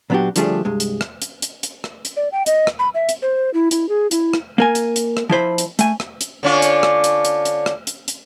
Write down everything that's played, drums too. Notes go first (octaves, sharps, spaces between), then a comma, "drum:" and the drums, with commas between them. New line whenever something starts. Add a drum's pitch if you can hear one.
A#2 F#3 B3 D4 F#4 G4
D3 F3 G3 A3 D4 G#4, drum: hi-hat
C2 G2 G#3
drum: hi-hat
drum: rim click
drum: hi-hat
drum: hi-hat
drum: hi-hat
drum: rim click
drum: hi-hat
D5
G5
D#5, drum: hi-hat
drum: rim click
B5
E5
drum: hi-hat
C5
E4
E4, drum: hi-hat
G#4
E4, drum: hi-hat
drum: rim click
A#3 A#4 G#5
drum: hi-hat
drum: hi-hat
drum: rim click
F3 E4 C5 B5
drum: hi-hat
A3 G#5, drum: hi-hat
drum: rim click
drum: hi-hat
D3 C#4 F4
drum: hi-hat
drum: rim click
drum: hi-hat
drum: hi-hat
drum: hi-hat
drum: rim click
drum: hi-hat
drum: hi-hat